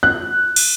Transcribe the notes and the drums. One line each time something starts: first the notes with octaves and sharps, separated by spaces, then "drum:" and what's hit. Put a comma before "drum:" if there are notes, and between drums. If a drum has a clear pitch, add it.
F#6
drum: cymbal